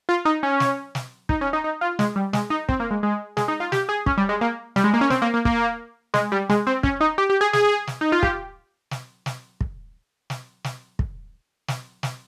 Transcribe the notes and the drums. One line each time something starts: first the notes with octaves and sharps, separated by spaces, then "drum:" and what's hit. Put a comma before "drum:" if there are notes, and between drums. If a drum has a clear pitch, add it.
F4
D#4
C#4
drum: snare
drum: snare
D#4, drum: kick
C#4
D#4
D#4
F4
G#3, drum: snare
G3
G#3, drum: snare
D#4
C4, drum: kick
A#3
G#3
G#3
G#3, drum: snare
D#4
F4
G4, drum: snare
G#4
C#4, drum: kick
G3
G#3
A#3
G3, drum: snare
G#3
A#3
C#4
C4, drum: snare
A#3
A#3
A#3, drum: kick
G#3, drum: snare
G3
G#3, drum: snare
C4
C#4, drum: kick
D#4
G4
G4
G#4
G#4, drum: snare
drum: snare
D#4
F4
G4, drum: kick
drum: snare
drum: snare
drum: kick
drum: snare
drum: snare
drum: kick
drum: snare
drum: snare